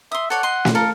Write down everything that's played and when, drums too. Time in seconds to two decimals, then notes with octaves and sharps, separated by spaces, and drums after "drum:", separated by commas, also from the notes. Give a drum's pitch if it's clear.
0.12 E5 C6 D#6
0.30 A4 C#5 D5 F#5
0.43 D#5 C6
0.65 drum: snare
0.75 A4 A#4 F5